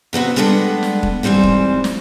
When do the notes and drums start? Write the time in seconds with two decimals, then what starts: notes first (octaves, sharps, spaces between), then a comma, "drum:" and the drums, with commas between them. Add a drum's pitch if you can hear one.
0.13 C3 B3 C4 F#4
0.36 G3 G#3 B3 D4 A4
0.83 drum: snare
1.03 drum: kick
1.23 G#2 E3 G3 C4 C5
1.43 drum: kick
1.84 drum: snare